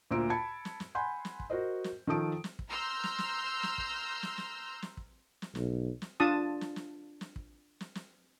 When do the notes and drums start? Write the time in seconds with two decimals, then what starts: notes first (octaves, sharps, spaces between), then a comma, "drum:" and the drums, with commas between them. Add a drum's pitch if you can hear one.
0.11 D2 A#2 C5 A#5 E6 D7
0.30 A5 B5 G#6 C#7
0.65 drum: snare
0.80 drum: snare
0.95 F#5 G#5 B5 C6 G6
1.25 drum: snare
1.40 drum: kick
1.50 F#4 A#4 C5 D#5
1.84 drum: snare
2.07 D#3 F3 A4 A5 D#6 D7
2.44 drum: snare
2.59 drum: kick
2.68 A#5 C6 E6 F6 G6
3.04 drum: snare
3.18 drum: snare
3.63 drum: snare
3.78 drum: kick
4.23 drum: snare
4.38 drum: snare
4.82 drum: snare
4.97 drum: kick
5.42 drum: snare
5.55 B1, drum: snare
6.02 drum: snare
6.20 D4 F4 A5 D#6
6.61 drum: snare
6.76 drum: snare
7.21 drum: snare
7.36 drum: kick
7.81 drum: snare
7.95 drum: snare